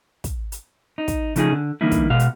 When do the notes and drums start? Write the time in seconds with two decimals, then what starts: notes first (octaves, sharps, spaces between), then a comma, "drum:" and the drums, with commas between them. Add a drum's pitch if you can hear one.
0.24 drum: kick, hi-hat
0.52 drum: hi-hat
0.98 D#4
1.08 drum: kick, hi-hat
1.36 C#3 F3 A3 D#4 F4 G#4, drum: hi-hat
1.53 D3
1.81 D3 E3 G3 A#3 D#4 E4
1.92 drum: kick, hi-hat
2.10 B2 G#3 F#4 F5
2.19 drum: hi-hat